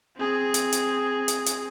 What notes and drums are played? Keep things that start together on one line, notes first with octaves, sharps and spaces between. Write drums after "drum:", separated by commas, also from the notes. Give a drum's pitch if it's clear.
C4 G#4
drum: hi-hat
drum: hi-hat
drum: hi-hat
drum: hi-hat